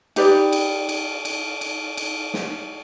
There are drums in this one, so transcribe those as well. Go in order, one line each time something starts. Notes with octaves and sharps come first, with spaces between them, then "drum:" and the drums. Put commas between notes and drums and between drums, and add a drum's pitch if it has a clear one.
D#4 G4 B4 D5, drum: cymbal
drum: cymbal
drum: cymbal
drum: cymbal
drum: cymbal
drum: cymbal
drum: snare